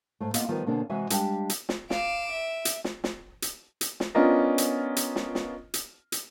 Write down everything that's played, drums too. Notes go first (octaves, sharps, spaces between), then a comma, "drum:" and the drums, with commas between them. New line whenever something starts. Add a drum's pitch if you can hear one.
G#2 A3
A#3 B3 F4 D#5 F5, drum: hi-hat
D#3 F3 G3 B3 F4 A#4
B2 D3 A#3 C4 D4 G#4
C3 E3 G#3 F#4 E5 G#5
G3 G#3 D4 G4 F5 G5, drum: hi-hat
drum: hi-hat
drum: snare
F5 D6 D7 E7, drum: snare
E5
drum: hi-hat
drum: snare
drum: snare
drum: hi-hat
drum: hi-hat
drum: snare
B3 C#4 D4 F4 A#4 D#5
drum: hi-hat
drum: hi-hat
drum: snare
drum: snare
drum: hi-hat
drum: hi-hat